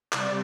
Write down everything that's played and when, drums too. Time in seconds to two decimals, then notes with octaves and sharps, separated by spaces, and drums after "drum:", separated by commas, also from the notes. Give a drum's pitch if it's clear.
0.12 C3 G3 D5, drum: clap